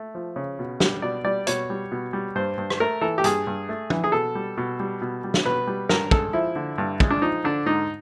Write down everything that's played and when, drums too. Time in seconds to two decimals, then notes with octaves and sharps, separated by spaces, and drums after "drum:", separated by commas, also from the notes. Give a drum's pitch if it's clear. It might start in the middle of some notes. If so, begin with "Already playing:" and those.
Already playing: A3
0.15 F3
0.36 C#3
0.59 B2
0.80 G3, drum: snare
1.02 B2 D5
1.24 G3 D5
1.47 B2 C#5, drum: hi-hat
1.70 G3
1.92 B2
2.13 G3
2.35 G2 C5
2.58 G2
2.70 drum: rim click
2.80 A3 A#4
3.01 E3 A4
3.18 G4
3.24 G2 G#4, drum: hi-hat
3.47 G2
3.69 A3
3.90 E3, drum: tom
4.04 G#4
4.12 B2 A4
4.35 G3
4.58 B2
4.80 G3
5.02 B2
5.24 G3
5.34 drum: snare
5.45 B2 B4
5.67 G3
5.89 G2 A#4, drum: snare
6.11 G#3 A4, drum: kick
6.33 F3 E4
6.55 D3
6.78 G2
7.00 G#3, drum: kick
7.10 D4
7.22 F3 D#4
7.44 D3 D4
7.66 G#2 D#4